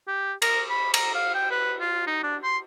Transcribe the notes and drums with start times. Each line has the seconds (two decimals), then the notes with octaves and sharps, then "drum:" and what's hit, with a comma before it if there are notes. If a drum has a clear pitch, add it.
0.08 G4
0.42 A#4, drum: cymbal
0.70 B5
0.94 A#5, drum: cymbal
1.15 F5
1.35 G5
1.51 B4
1.81 F4
2.07 D#4
2.23 D4
2.44 C6